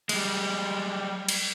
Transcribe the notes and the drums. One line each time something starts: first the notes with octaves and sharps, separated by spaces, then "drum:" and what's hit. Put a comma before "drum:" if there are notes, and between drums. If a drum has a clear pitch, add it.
G3 G#3, drum: cymbal
drum: cymbal